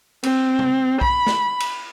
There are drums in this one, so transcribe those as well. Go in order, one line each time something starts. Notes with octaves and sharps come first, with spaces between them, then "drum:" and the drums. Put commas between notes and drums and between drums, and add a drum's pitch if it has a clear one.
C4, drum: cymbal
drum: tom
B5, drum: kick B1
drum: snare
drum: cymbal